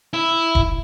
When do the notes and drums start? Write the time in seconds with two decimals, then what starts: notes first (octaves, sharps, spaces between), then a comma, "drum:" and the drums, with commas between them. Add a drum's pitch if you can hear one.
0.13 E4
0.55 drum: kick E1